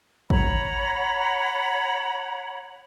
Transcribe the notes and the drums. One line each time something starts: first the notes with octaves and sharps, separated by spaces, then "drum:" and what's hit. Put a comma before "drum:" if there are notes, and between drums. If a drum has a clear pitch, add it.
C#5 F#5 A#5 B5, drum: kick